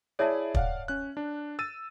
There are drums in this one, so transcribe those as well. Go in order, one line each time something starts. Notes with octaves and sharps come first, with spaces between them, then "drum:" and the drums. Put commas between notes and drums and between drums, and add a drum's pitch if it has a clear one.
E4 G#4 C#5 D5 E5 A5
D5 F5 F#5, drum: kick
C#4 F#6
D4
E6 A6 D#7